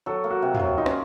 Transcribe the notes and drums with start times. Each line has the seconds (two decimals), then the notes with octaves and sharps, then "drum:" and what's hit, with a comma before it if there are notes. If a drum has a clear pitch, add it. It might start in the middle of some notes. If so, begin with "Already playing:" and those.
0.06 F#3 A4
0.24 A#3
0.31 F#4
0.42 C3
0.54 F4, drum: tom
0.59 F#3
0.78 D#4 F4
0.86 C#4, drum: rim click